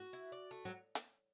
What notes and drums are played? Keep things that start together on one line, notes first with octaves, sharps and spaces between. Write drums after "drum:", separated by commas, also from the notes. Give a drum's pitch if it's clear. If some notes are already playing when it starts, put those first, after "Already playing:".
Already playing: F#4
E4
D5
A3
F#3
drum: hi-hat